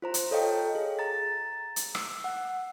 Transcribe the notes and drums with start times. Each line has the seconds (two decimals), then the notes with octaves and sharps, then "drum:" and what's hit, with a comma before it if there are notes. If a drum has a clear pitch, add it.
0.02 F4 C5 A#5
0.14 drum: hi-hat
0.31 A4 C#5 D#5 F5 G5
0.75 G#4
0.99 A#5 A6
1.76 drum: hi-hat
1.95 E6, drum: rim click
2.24 F#5